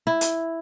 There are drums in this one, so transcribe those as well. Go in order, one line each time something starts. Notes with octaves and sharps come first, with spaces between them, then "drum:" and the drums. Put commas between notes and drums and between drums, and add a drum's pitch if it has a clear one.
E4
drum: hi-hat